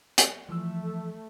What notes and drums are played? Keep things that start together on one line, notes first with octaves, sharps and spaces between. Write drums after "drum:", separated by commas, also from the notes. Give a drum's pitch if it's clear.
drum: hi-hat
E3 F3 A3 E6